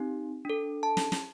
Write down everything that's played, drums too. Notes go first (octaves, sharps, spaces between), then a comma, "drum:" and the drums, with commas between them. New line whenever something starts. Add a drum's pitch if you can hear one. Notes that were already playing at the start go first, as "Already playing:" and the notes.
Already playing: C4 D#4 G4
D4 A4
A5
drum: snare
drum: snare